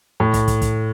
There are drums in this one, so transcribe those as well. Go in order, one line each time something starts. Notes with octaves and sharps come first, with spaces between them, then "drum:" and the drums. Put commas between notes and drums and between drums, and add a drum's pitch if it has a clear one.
A2
drum: kick, hi-hat
drum: kick, hi-hat
drum: kick, hi-hat